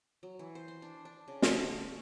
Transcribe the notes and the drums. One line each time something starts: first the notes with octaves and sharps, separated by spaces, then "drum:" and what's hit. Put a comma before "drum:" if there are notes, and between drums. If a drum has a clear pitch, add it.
F#3
E3
C5
C6
D4
D4
C#3
D3, drum: snare
G#4
C#6